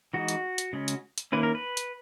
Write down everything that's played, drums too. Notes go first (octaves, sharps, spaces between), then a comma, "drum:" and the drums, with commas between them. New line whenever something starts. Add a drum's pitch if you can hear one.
E3 G#3 D#4 F#4
drum: hi-hat
drum: hi-hat
C#3 G#3 C#4
drum: hi-hat
drum: hi-hat
D#3 A#3 C#4 E4 B4
A#4
B4
drum: hi-hat